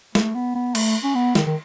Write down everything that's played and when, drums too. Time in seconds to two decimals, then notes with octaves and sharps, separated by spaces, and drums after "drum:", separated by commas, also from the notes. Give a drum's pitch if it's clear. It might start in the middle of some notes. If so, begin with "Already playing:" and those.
0.15 A3, drum: snare
0.35 B3
0.55 B3
0.75 A3, drum: cymbal
1.04 C#4
1.15 B3
1.35 D#3, drum: snare
1.46 D#3